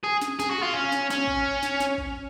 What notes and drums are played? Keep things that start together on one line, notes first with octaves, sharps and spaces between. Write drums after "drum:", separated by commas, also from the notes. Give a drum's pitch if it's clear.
G#4
drum: snare
G#4, drum: snare
F#4
F4
C#4
drum: snare
C#4, drum: snare
drum: kick A1
drum: snare
drum: snare
drum: kick A1